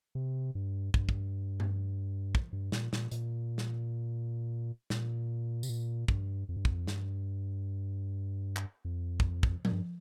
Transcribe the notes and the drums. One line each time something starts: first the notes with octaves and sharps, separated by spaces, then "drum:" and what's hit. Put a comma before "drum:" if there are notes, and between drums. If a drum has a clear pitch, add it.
C3
G2
G2, drum: kick
drum: kick
drum: tom G2
drum: kick
G2
A#2, drum: snare
A#2, drum: snare
A#2, drum: hi-hat
drum: snare
A#2, drum: snare
C3, drum: tambourine
A#2
G2, drum: kick
F2
G2
F2, drum: kick
G2, drum: snare
drum: clap
F2
drum: kick
drum: kick
A#2, drum: tom F3
G2